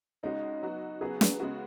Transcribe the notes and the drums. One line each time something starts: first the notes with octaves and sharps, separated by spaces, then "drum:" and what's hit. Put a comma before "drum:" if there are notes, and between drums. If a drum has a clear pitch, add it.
C#3 G#3 C#4 D#4 F#4
F#3 B3 F#4
C#3 F#3 B3 F#4 G#4
B4, drum: snare
C#3 G#3 B3 F#4 G#4